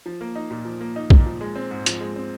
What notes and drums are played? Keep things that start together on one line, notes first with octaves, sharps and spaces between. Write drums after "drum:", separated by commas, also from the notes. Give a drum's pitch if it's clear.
F3
A#3
D#4
A#2
F3
A#3
D#4
A#2, drum: kick A#1
F3
G#3
C4
G#2
F3, drum: hi-hat
G#3
C4